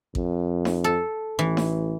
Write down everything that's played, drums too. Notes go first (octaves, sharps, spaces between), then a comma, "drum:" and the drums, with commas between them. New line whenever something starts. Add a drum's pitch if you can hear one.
F2, drum: kick A1
drum: snare D#4
A4
A1 E3
drum: snare D#4